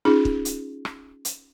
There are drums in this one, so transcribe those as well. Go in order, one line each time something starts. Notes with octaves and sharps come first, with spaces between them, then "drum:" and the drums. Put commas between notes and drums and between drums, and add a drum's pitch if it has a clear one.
C#4 D#4 F4 G#4
drum: kick
drum: hi-hat
drum: rim click
drum: hi-hat